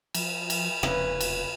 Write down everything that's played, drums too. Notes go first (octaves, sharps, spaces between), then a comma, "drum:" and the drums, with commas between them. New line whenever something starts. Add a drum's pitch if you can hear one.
F3, drum: cymbal
drum: cymbal
F1 E2 C#3 A#3 C4 C#4 E4 B4, drum: rim click
drum: cymbal